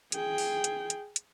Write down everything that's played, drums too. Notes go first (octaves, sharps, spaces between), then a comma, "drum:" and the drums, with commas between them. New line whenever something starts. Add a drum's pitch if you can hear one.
G#4 G5, drum: hi-hat
drum: open hi-hat
drum: hi-hat
drum: hi-hat
drum: hi-hat